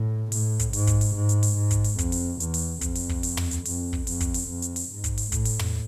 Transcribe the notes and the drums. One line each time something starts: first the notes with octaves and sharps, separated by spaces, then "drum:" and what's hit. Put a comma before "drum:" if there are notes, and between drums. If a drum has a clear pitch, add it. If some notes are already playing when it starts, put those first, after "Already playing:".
Already playing: A2
A2, drum: open hi-hat
drum: kick, hi-hat
G#2, drum: open hi-hat
drum: kick, hi-hat
drum: open hi-hat
G#2
drum: hi-hat
drum: open hi-hat
G#2
drum: kick, hi-hat
drum: open hi-hat
F2, drum: kick, hi-hat
drum: open hi-hat
E2, drum: hi-hat
drum: open hi-hat
F2, drum: kick, hi-hat
drum: open hi-hat
drum: kick
drum: open hi-hat
drum: tom
drum: hi-hat
F2, drum: open hi-hat
drum: kick
F2, drum: open hi-hat
drum: kick, hi-hat
drum: open hi-hat
F2
drum: hi-hat
drum: open hi-hat
G#2
drum: kick, hi-hat
drum: open hi-hat
A2, drum: kick, hi-hat
drum: open hi-hat
drum: tom